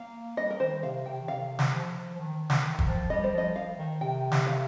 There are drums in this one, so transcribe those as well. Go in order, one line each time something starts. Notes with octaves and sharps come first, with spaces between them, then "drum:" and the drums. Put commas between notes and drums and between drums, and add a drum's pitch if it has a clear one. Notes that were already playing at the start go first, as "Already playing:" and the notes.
Already playing: A#3 F5
G3 D#5
A#4
D#3 C5
C3 F5
C3 G5
D#3
C3 F5
drum: snare
F3
F3
D#3
drum: snare
D#3
D#3, drum: kick
F3
G3 D#5
C5
F3 D#5
F5
D#3
C3 G5
drum: snare
F5